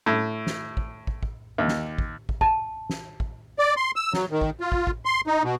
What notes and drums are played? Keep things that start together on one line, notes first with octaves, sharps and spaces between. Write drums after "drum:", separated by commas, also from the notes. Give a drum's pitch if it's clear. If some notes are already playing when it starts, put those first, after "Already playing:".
A2
drum: snare
drum: kick
drum: kick
drum: kick
D#2
drum: snare
drum: kick
drum: kick
A5, drum: kick
drum: snare
drum: kick
D5
C6
E6
F#3, drum: snare
D#3
drum: kick
F4
drum: kick
drum: kick
C6
D#4
B2